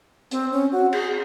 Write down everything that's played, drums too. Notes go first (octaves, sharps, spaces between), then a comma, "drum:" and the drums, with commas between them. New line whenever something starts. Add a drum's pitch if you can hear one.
C4, drum: hi-hat
C#4
F#4
G#4, drum: cymbal